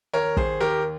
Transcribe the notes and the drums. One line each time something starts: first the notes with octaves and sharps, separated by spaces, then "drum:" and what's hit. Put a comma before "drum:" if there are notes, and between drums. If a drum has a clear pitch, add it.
D#2 A#4 C#5
D#2 G#4 C5, drum: kick
D#2 G4 A#4